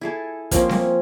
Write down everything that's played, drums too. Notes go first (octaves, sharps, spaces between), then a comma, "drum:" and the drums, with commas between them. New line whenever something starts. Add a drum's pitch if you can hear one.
E4 G#4 A4
F3 A#3 C4 C#4, drum: kick, hi-hat
drum: snare C4